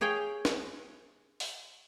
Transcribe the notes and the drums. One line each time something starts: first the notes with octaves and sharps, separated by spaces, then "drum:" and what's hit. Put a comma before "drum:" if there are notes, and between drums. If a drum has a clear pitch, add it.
G4 G#4 C#5 F5 G5
drum: snare
drum: open hi-hat